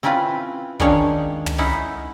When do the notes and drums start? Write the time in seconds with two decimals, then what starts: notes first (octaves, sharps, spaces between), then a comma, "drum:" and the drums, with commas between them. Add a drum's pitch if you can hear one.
0.03 C4 C#4 E4 F4 B4
0.80 D#3 G#3 C#4 D4 C#5 F5, drum: kick
1.46 drum: tom
1.58 C#4 D#4 E4 F#5